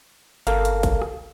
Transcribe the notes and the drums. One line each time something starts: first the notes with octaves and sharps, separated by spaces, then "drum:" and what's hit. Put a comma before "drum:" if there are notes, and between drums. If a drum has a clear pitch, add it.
G1 A4 A#4 F5, drum: hi-hat
drum: hi-hat
drum: kick A#1, hi-hat
drum: rim click